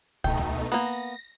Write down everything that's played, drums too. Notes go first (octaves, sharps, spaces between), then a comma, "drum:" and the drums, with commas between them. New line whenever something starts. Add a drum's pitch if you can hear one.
B2 A3 D#4 G5, drum: kick C2
drum: tom D2
A#3 B3 A#6